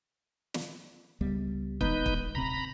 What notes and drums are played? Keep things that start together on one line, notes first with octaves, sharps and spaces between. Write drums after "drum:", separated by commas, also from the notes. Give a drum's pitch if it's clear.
drum: snare
C#2 G3 B3
D#3 G#3 B3 D#4 B4 G6, drum: kick
drum: kick
D1 C3 C4 A#5 B5